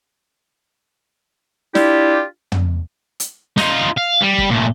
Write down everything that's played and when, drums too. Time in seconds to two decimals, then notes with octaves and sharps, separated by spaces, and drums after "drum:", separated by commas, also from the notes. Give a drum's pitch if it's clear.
1.75 D4 E4 F4 G4, drum: snare
2.52 drum: tom
3.20 drum: hi-hat
3.58 D#4 F4, drum: snare
3.98 F5
4.22 G3
4.38 drum: kick
4.50 A#2 A3